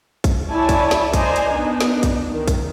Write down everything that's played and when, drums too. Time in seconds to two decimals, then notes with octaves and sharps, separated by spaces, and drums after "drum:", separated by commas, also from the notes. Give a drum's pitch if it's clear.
0.24 drum: kick, hi-hat
0.50 E4 C#5 D5 G#5 A5
0.69 drum: kick, hi-hat
0.91 drum: snare
1.13 C5 D5 D#5 G#5 A#5, drum: kick, hi-hat
1.36 drum: hi-hat
1.50 B3 D4 D#4
1.81 drum: snare
2.03 drum: kick, hi-hat
2.32 D#3
2.48 drum: kick, hi-hat